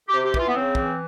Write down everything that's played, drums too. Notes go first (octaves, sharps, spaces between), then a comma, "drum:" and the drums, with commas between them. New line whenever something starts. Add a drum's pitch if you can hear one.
G4
C3
G4
E3 F4, drum: kick
B3
C#3 C4
E3, drum: kick